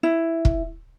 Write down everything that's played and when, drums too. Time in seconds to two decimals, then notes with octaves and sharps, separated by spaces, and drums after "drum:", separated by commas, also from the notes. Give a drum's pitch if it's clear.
0.03 E4
0.45 drum: kick